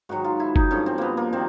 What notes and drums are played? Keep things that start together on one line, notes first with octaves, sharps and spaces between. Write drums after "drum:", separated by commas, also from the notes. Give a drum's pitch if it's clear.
G#2 D#3 F#3 F#4
F4
E4
D#4, drum: kick F#1
G2 D3 F3 C#4
C4
A#3 B3
A#3
C3 D#3 C4